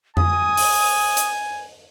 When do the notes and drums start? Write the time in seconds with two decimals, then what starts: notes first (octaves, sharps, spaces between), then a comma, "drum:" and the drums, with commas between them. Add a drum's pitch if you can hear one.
0.17 G#5 D#6, drum: tom F2
0.57 drum: open hi-hat
1.17 drum: hi-hat